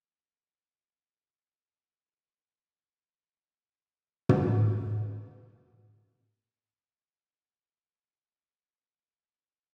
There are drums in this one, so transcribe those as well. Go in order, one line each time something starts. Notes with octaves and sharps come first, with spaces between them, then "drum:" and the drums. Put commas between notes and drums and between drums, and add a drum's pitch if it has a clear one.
A#3
A3
D#3
F#3
D#3
F#3
D#3
F#3
G3
A#3
G3
D#3
D#3
D3
D#3
drum: tom
C3
D3
D3
C3
F#2
G2
C3
A3
A3
A#3
C4
A#3
A#3
A3
F#3